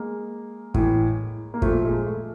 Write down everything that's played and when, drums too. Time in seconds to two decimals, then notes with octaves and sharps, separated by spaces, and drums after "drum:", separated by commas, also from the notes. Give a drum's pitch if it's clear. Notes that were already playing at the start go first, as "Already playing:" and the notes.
Already playing: G#3 A#3
0.74 A2 E3, drum: kick
1.54 A#3
1.62 A#2 F3 A3, drum: kick
1.84 G#3
2.06 A3